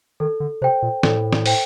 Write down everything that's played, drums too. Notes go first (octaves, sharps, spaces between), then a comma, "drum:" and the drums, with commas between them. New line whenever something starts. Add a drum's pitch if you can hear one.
D#3 A4
D3
C3 C5 G5
A#2
A2 A4, drum: snare
drum: snare
C5 G5, drum: open hi-hat